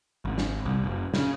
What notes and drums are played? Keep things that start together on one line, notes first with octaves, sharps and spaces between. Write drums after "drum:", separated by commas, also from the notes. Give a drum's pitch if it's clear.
G#1
drum: snare
C2
F#1
C#3, drum: snare